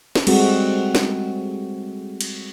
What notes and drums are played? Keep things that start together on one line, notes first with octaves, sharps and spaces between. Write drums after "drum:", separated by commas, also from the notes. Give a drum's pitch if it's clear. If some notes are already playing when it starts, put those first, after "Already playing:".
drum: snare
G3 G#3 C4 F#4 A4, drum: cymbal
drum: snare
drum: cymbal